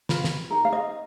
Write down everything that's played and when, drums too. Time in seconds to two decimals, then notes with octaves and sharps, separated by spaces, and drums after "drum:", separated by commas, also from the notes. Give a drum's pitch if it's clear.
0.09 F4 B4, drum: snare
0.24 drum: snare
0.51 D#4 A#4
0.65 F5
0.73 D#5